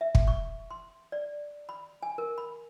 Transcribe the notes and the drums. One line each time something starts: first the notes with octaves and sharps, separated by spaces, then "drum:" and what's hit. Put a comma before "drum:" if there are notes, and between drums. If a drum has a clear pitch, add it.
E5
drum: kick
C#6
C6
D5
B5
G#5
A#4
B5